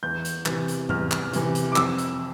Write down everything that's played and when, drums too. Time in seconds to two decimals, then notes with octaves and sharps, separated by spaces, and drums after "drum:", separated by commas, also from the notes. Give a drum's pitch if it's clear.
0.03 E2 G6
0.25 drum: hi-hat
0.46 C3 E3, drum: clap
0.68 drum: hi-hat
0.89 E2 F6, drum: tom G#2
1.11 drum: clap
1.33 C3 E3, drum: hi-hat
1.55 drum: hi-hat
1.72 D6
1.76 F2 E6, drum: clap
1.98 drum: hi-hat